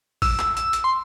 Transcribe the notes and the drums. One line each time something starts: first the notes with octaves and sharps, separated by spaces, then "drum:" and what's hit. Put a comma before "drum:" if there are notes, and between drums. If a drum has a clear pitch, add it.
E6, drum: kick A1, open hi-hat
drum: clap
E6, drum: hi-hat
drum: hi-hat
C6